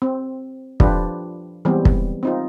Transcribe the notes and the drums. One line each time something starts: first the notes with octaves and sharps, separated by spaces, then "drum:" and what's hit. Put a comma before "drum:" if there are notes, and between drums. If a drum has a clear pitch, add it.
C4
F3 D4 F4 G4 B4, drum: kick
E3 G3 G#3 B3 C4 G4
drum: kick
C4 D#4 F4